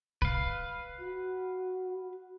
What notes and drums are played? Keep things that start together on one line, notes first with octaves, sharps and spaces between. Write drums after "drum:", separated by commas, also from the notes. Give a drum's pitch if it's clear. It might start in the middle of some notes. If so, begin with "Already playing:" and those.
B4 F5, drum: kick
F#4